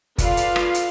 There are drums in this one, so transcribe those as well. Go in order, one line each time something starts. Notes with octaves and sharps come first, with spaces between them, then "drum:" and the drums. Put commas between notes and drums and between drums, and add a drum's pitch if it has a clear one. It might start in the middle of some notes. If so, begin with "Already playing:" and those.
F4 A4 B4 D5 F5, drum: kick, hi-hat
drum: hi-hat
drum: rim click
drum: hi-hat